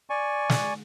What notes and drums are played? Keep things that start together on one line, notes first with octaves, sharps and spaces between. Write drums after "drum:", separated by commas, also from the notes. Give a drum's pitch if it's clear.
D5 G#5 C#6
drum: snare